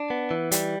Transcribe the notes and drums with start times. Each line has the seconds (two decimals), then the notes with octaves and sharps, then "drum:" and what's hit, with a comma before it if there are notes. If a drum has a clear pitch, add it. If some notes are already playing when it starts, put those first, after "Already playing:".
Already playing: D4
0.10 B3
0.31 E3
0.52 G3, drum: hi-hat